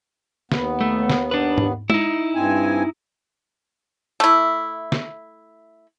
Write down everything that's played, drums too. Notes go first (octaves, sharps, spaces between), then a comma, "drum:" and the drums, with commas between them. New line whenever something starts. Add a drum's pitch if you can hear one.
D#2 B3, drum: snare
A3
drum: snare
D4 B4
drum: tom G#2
D#4 E4, drum: tom G#3
G2 C4 G#5
A3 E4
drum: snare